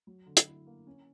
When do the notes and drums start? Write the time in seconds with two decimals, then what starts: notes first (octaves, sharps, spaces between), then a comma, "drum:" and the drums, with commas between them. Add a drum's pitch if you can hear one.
0.07 F#3
0.26 D3
0.37 drum: hi-hat
0.46 E4
0.67 A#3
0.87 C#4